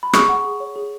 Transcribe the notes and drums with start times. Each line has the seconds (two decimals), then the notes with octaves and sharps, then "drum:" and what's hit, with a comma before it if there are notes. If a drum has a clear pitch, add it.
0.03 B5
0.13 G#4 C#6, drum: rim click
0.29 F#5
0.44 G#4
0.60 C#5
0.76 G#4